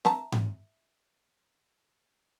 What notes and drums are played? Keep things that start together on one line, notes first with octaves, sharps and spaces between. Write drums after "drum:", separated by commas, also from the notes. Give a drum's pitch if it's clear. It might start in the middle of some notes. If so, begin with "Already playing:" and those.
E5 A5 A#5, drum: snare
drum: tom G#2